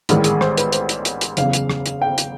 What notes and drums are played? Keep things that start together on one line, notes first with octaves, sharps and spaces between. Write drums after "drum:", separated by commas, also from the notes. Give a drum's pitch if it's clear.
A1 G#2 D#3 G3, drum: hi-hat
G#4, drum: hi-hat
C5, drum: rim click
B4, drum: hi-hat
C5, drum: hi-hat
drum: hi-hat
drum: hi-hat
drum: hi-hat
F#1 E2 C#3 F5, drum: hi-hat
drum: hi-hat
drum: rim click
drum: hi-hat
G5
drum: hi-hat